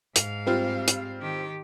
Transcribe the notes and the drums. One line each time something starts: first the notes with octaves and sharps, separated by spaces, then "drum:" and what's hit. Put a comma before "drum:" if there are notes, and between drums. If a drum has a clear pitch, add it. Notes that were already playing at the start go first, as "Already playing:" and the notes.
G#2 F5 F7, drum: hi-hat
G3 C4 F4
drum: hi-hat
D#3 G4